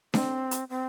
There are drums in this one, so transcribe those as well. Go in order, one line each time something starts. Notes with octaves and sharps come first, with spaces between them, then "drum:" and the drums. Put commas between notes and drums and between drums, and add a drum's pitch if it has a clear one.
C4, drum: snare D4
drum: hi-hat
C4